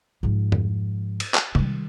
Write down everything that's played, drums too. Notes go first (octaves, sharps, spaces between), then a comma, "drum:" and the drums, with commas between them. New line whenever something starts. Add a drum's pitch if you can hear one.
G#2 F3
drum: tom F2
drum: cymbal
drum: clap
D#3 G3, drum: tom C3